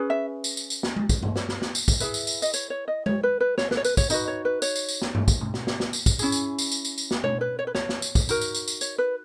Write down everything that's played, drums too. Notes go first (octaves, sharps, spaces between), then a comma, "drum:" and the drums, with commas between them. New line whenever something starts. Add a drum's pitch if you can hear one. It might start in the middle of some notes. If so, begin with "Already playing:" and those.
Already playing: C#4 G#4 B4
E5
drum: tambourine
drum: tambourine
drum: tambourine
drum: snare
drum: tom G#3
drum: kick, tambourine
drum: tom G2
drum: snare
drum: snare
drum: snare
drum: tambourine
drum: kick, tambourine
E4 G#4 B4 E5, drum: tambourine
drum: tambourine
drum: tambourine
D#5, drum: tambourine
C#5, drum: tambourine
C#5
D#5
C#5, drum: tom G#3
B4
B4
C#5, drum: snare
B4, drum: snare
C#5
B4, drum: tambourine
C#5, drum: kick, tambourine
D#4 F#4 B4 D#5, drum: tambourine
C#5
B4
C#5, drum: tambourine
drum: tambourine
drum: tambourine
drum: snare
drum: tom G2
drum: kick, tambourine
drum: tom
drum: snare
drum: snare
drum: snare
drum: tambourine
drum: kick, tambourine
C#4 E4 G#4, drum: tambourine
drum: tambourine
drum: tambourine
drum: tambourine
drum: tambourine
drum: tambourine
drum: snare
C#5, drum: tom
B4
C#5
B4
C#5, drum: snare
drum: snare
drum: tambourine
drum: kick, tambourine
D#4 F#4 A#4, drum: tambourine
drum: tambourine
drum: tambourine
drum: tambourine
C#5, drum: tambourine
B4